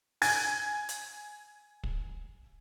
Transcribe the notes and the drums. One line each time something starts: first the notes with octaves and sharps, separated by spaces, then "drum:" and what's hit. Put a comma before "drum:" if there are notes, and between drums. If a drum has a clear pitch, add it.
G#5 G#6, drum: open hi-hat
drum: hi-hat
drum: kick